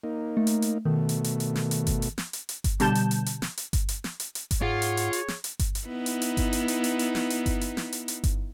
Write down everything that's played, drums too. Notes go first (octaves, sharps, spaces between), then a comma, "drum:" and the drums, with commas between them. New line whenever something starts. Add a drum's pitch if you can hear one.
A#3 D#4
A3
drum: hi-hat
drum: hi-hat
B2 D#3 A3
drum: hi-hat
drum: hi-hat
drum: hi-hat
drum: snare
drum: hi-hat
drum: kick G1, hi-hat
drum: hi-hat
drum: snare
drum: hi-hat
drum: hi-hat
drum: kick G1, hi-hat
B2 D3 G3 A5 G6 E7, drum: hi-hat
drum: hi-hat
drum: hi-hat
drum: hi-hat
drum: snare
drum: hi-hat
drum: kick G1, hi-hat
drum: hi-hat
drum: snare
drum: hi-hat
drum: hi-hat
drum: kick G1, hi-hat
G#2 F4 G#4 C#5 F#5
drum: hi-hat
drum: hi-hat
drum: hi-hat
drum: snare
drum: hi-hat
drum: kick G1, hi-hat
drum: hi-hat
B3 D#4 E4
drum: hi-hat
drum: hi-hat
drum: kick G1, hi-hat
drum: hi-hat
drum: hi-hat
drum: hi-hat
drum: hi-hat
drum: snare
drum: hi-hat
drum: kick G1, hi-hat
drum: hi-hat
drum: snare
drum: hi-hat
drum: hi-hat
drum: kick G1, hi-hat